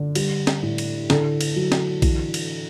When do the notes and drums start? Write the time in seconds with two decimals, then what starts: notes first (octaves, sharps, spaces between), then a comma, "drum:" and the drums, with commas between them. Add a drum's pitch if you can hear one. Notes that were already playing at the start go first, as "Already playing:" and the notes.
Already playing: D3
0.15 G3, drum: cymbal
0.47 drum: snare
0.62 A2
0.78 drum: cymbal
1.10 D3 A4, drum: snare
1.41 drum: cymbal
1.56 F#3
1.72 drum: snare
2.02 E3, drum: kick, cymbal
2.34 drum: cymbal